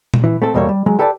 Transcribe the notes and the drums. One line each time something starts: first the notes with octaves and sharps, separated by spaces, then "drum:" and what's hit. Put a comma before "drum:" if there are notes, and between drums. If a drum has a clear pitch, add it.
drum: tom A#2
E3
A3 C4 A4
E2 B2 G3 A#3 A4 C#5
G3
F#3 G#3
G4 A4 B4 D5 G#5 A5